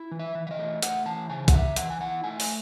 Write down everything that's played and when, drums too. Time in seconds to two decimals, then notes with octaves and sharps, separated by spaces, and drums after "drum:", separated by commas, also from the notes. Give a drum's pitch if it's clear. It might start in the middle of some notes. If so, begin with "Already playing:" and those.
Already playing: E4
0.11 E3
0.19 E5
0.35 E3
0.47 E5
0.51 D#5
0.59 A3
0.82 A3 F#5, drum: hi-hat
1.06 E3 A5
1.30 C#3 G#5
1.48 F#5, drum: kick, hi-hat
1.53 C#3 E5
1.76 E3 F#5, drum: hi-hat
1.90 G#5
2.01 E4 F#5
2.24 A3 G#5
2.40 drum: open hi-hat